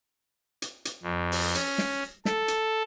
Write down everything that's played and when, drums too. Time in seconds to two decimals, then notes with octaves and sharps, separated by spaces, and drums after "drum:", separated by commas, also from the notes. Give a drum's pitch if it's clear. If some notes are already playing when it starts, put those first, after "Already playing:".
0.62 drum: hi-hat
0.85 drum: hi-hat
1.03 F2
1.32 drum: open hi-hat
1.55 C#4, drum: hi-hat
1.78 drum: snare
2.25 A4, drum: snare
2.48 drum: hi-hat